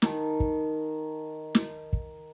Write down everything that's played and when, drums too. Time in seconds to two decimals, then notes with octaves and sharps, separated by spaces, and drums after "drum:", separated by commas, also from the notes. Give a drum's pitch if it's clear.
0.02 D#3 A5, drum: snare
0.40 drum: kick
1.55 drum: snare
1.93 drum: kick